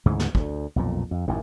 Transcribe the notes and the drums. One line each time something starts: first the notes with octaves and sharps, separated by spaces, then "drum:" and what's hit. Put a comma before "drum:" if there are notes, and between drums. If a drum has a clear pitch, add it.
D2 G#2 C#3 E3
drum: snare
D2, drum: kick
B1 F2 A#2
F2
A1 F#2 D#3